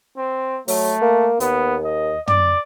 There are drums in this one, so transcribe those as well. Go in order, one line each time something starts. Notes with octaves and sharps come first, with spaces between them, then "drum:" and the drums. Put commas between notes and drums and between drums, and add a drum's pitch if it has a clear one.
C4
F#3 A3, drum: open hi-hat
A#3
D#2 B3, drum: hi-hat
D#5
D5, drum: tom